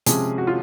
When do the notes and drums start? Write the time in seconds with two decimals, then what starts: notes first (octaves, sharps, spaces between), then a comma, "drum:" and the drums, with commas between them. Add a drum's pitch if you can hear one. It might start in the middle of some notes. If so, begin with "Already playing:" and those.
0.06 C3 F3 G#3 C#4 G#4, drum: hi-hat
0.38 F#4
0.47 F4